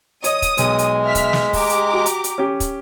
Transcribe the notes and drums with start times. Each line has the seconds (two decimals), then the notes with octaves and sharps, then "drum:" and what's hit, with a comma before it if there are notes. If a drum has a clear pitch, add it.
0.24 C#5 D#5 D#6, drum: hi-hat
0.42 drum: kick, hi-hat
0.57 B1 G#3 C#5, drum: hi-hat
0.79 drum: hi-hat
1.06 E5 F6 B6
1.15 drum: kick, hi-hat
1.33 drum: snare
1.53 G4 A#5 D6, drum: kick, open hi-hat
1.69 drum: hi-hat
1.93 F#4
2.06 drum: hi-hat
2.24 drum: hi-hat
2.38 C#4 G4
2.60 drum: kick, hi-hat